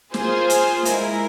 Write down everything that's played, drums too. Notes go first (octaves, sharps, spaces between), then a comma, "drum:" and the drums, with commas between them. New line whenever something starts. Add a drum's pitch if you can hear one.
A#3 F4 G#4 C5, drum: snare
drum: hi-hat
G#3 E4 A#4, drum: hi-hat